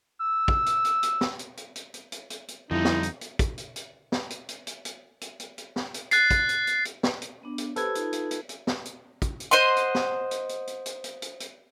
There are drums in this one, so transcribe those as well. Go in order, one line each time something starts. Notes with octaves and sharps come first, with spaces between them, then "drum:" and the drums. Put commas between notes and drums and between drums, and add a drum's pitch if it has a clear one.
E6
drum: kick
drum: hi-hat
drum: hi-hat
drum: hi-hat
drum: snare
drum: hi-hat
drum: hi-hat
drum: hi-hat
drum: hi-hat
drum: hi-hat
drum: hi-hat
drum: hi-hat
F2 D3 G3 D#4 E4
drum: snare
drum: hi-hat
drum: hi-hat
drum: kick, hi-hat
drum: hi-hat
drum: hi-hat
drum: snare
drum: hi-hat
drum: hi-hat
drum: hi-hat
drum: hi-hat
drum: hi-hat
drum: hi-hat
drum: hi-hat
drum: snare
drum: hi-hat
F#6 A6 C7, drum: hi-hat
drum: kick, hi-hat
drum: hi-hat
drum: hi-hat
drum: hi-hat
drum: snare
drum: hi-hat
B3 D4
drum: hi-hat
G4 A4 B4 C5 E6 G#6, drum: hi-hat
D#4 F4, drum: hi-hat
drum: hi-hat
drum: hi-hat
drum: hi-hat
drum: snare
drum: hi-hat
drum: kick, hi-hat
drum: hi-hat
C5 D#5 F#5 C6
drum: hi-hat
drum: snare
drum: hi-hat
drum: hi-hat
drum: hi-hat
drum: hi-hat
drum: hi-hat
drum: hi-hat
drum: hi-hat